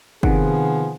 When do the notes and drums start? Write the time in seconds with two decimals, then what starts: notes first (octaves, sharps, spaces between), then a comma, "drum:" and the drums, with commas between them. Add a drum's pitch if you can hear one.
0.23 C3 D#3 F3 B3 G#4 F#5, drum: kick